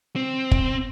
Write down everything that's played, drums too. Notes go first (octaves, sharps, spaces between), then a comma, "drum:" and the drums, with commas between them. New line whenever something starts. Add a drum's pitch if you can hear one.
C4
drum: kick